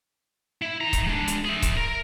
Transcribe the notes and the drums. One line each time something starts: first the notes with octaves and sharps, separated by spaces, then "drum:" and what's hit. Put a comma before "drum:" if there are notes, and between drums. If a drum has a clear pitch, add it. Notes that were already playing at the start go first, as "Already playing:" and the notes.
E4
D#3 A#5
drum: kick C#1, hi-hat
G#3 D4
drum: hi-hat
G#4 E5
drum: kick C#1, hi-hat
A#4